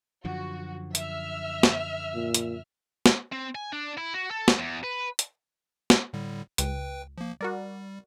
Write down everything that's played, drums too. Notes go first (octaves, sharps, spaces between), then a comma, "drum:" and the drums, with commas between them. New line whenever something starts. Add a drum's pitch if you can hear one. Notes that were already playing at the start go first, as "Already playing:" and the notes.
F#2 D3 F3 F#4
E5 E6 F6, drum: hi-hat
drum: snare
A#2
drum: hi-hat
drum: snare
C4
G#5
D4
E4
F#4
A4
drum: snare
E2
B4
drum: hi-hat
drum: snare
A2 D3 G3
C#2 B4 G5, drum: hi-hat
F3 A#3
G3 F#4 A#4 D5